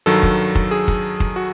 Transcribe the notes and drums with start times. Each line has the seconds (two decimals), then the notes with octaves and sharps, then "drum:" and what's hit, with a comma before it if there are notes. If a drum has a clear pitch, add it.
0.06 G2 D#3 F#3 A4
0.23 drum: kick
0.55 drum: kick
0.71 G#4
0.88 drum: kick
1.20 drum: kick
1.36 F#4